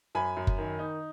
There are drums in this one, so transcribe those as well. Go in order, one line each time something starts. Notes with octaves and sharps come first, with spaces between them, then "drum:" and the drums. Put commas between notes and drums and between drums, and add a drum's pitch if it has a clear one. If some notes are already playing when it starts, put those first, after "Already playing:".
F#2 G#5 B5
F#2
drum: kick F#1
D#3
D#4